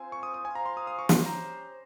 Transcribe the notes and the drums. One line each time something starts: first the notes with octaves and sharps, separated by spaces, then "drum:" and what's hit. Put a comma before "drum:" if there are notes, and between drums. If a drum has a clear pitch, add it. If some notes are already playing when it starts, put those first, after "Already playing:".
Already playing: C4 F4 C5 G#5
C#6
D#6
D#6
F4 C5 F5 G#5
A#5
C6
D#6
D#6
C#6
C#4 G4 C5 C6, drum: snare
A#5